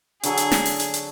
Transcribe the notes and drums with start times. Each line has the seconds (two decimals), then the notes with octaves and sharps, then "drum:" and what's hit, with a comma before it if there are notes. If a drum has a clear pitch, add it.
0.23 D3 F#3 G#4 A4, drum: hi-hat
0.37 drum: hi-hat
0.51 drum: snare
0.66 drum: open hi-hat
0.80 drum: hi-hat
0.94 drum: hi-hat